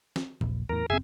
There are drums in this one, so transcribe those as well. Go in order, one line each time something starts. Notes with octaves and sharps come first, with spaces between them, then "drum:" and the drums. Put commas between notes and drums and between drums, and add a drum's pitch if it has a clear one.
drum: snare
D#1 A#1, drum: tom E3
E2 A2 A#4
F#1 C4 G#4 E5 G#5